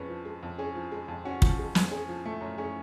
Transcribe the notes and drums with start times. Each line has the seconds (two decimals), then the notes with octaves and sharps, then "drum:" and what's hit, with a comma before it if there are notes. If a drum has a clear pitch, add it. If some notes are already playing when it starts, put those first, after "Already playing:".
Already playing: F2 G#3 C#4 B4
0.09 F3
0.25 G#3
0.43 F2
0.58 C#4 G#4
0.75 F3
0.92 G#3
1.08 F2
1.25 C#4 F#4
1.42 F3, drum: kick
1.59 G#3
1.75 F2, drum: snare
1.91 C#4 G#4
2.08 F3
2.26 A3
2.41 F#2
2.58 C#4 G#4